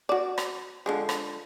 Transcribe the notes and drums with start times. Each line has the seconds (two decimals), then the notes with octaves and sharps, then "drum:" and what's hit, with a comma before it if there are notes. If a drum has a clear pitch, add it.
0.09 F#4 D5
0.38 drum: rim click
0.86 D3 F3 G#3
1.09 drum: rim click